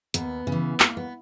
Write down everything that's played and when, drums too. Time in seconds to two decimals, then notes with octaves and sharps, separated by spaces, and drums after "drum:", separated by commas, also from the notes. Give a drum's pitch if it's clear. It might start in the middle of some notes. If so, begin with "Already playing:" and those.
0.14 D#2 B3, drum: hi-hat
0.47 C#3
0.52 E3
0.80 D#2 A#3, drum: clap
0.97 B3